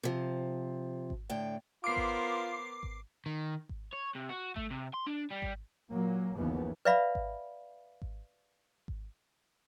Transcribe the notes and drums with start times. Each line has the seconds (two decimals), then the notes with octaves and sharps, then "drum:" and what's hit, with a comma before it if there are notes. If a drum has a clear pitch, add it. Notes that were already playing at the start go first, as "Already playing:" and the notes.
0.03 C3 F3
1.10 drum: kick G#1
1.30 A2 D3 G5
1.84 B3 F4 A#4 C5 D6 C7
1.97 drum: kick G#1
2.83 drum: kick G#1
3.26 D#3
3.69 drum: kick G#1
3.93 C#5
4.15 C3
4.29 F#4
4.56 A3, drum: kick G#1
4.71 C3
4.94 C6
5.07 D4
5.30 G3
5.42 drum: kick G#1
5.90 A#2 F#3 A#3
6.35 G1 D#2 C#3 E3 F3 B3
6.85 B4 D5 E5 F5 B5
7.15 drum: kick G#1
8.02 drum: kick G#1
8.88 drum: kick G#1